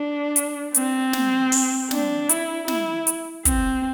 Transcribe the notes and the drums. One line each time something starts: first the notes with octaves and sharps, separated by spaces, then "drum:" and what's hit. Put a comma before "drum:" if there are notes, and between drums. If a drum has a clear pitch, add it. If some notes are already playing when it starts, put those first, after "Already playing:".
Already playing: D4
drum: hi-hat
C4, drum: hi-hat
drum: snare
drum: open hi-hat
D4, drum: snare
E4, drum: hi-hat
E4, drum: snare
drum: hi-hat
C4, drum: kick, hi-hat